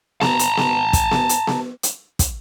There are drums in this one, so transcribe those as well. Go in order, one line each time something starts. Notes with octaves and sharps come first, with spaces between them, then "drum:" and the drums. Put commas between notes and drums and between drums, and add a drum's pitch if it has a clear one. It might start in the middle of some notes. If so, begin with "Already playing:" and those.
A5 A#5, drum: snare B3
drum: hi-hat
drum: snare B3
drum: kick, hi-hat
drum: snare B3
drum: hi-hat
drum: snare B3
drum: hi-hat
drum: kick, hi-hat